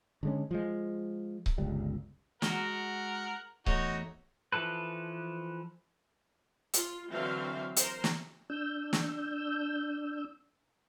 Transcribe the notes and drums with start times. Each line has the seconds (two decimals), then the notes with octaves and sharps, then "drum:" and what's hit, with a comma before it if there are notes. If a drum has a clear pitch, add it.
0.23 D3 G#3 C#4
0.51 F3 G#3
1.46 drum: kick C#1
1.58 G1 C#2 G3
2.42 G#3 F#4 A#4 F#5, drum: snare
3.66 E2 A3 D#4 F#4 C#5, drum: kick C#1
4.52 E3 F3 A4 B4
6.73 F4, drum: hi-hat
7.10 D3 E3 F#3 C4 E5 F5
7.76 A#4 C5, drum: hi-hat
8.04 drum: snare
8.50 D4 E6 G6
8.93 drum: snare